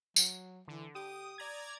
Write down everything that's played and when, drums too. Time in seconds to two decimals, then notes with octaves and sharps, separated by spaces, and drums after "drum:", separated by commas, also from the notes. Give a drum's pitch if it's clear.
0.16 F#3, drum: tambourine
0.68 D3 E3
0.95 G4 D#6
1.38 D5 A#5 G#6